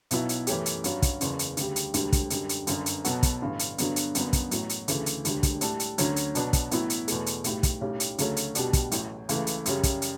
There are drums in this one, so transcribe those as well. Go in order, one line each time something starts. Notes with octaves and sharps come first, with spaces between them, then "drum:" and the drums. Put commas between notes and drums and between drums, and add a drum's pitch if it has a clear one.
B1 B2 F#3 B3 E4, drum: hi-hat
drum: hi-hat
F#2 E3 A3 C#4 G4, drum: hi-hat
drum: hi-hat
G2 F#3 C#4 F#4, drum: hi-hat
drum: kick, hi-hat
F#1 E2 C#3, drum: hi-hat
drum: hi-hat
D2 C#3 G3, drum: hi-hat
drum: hi-hat
E1 D2 D3 G3, drum: hi-hat
drum: kick, hi-hat
F#2 D3 G3, drum: hi-hat
drum: hi-hat
G1 F#2 D3, drum: hi-hat
drum: hi-hat
B2 F#3 B3 F#4 A4, drum: hi-hat
drum: kick, hi-hat
A1 G2 D3
drum: hi-hat
G2 D3 F#3 B3, drum: hi-hat
drum: hi-hat
G1 F#2 D3 F#3 B3, drum: hi-hat
drum: kick, hi-hat
A1 A2 F#3, drum: hi-hat
drum: hi-hat
D2 C#3 E3 A3, drum: hi-hat
drum: hi-hat
E1 D2 D3 G3, drum: hi-hat
drum: kick, hi-hat
A2 G3 D4 A4, drum: hi-hat
drum: hi-hat
D2 D3 F#3 C#4, drum: hi-hat
drum: hi-hat
B2 F#3 B3 D4, drum: hi-hat
drum: kick, hi-hat
A1 A2 F#3 B3 E4, drum: hi-hat
drum: hi-hat
E2 B2 A3, drum: hi-hat
drum: hi-hat
B1 A2 G3, drum: hi-hat
drum: kick, hi-hat
B1 A2 G3 C#4 G4
drum: hi-hat
D2 C#3 F#3 A3 C#4, drum: hi-hat
drum: hi-hat
B2 G3 D4 F#4, drum: hi-hat
drum: kick, hi-hat
A1 A2 F#3, drum: hi-hat
C#2 C#3 E3 A3, drum: hi-hat
drum: hi-hat
F#2 C#3 G3 C#4, drum: hi-hat
drum: kick, hi-hat
drum: hi-hat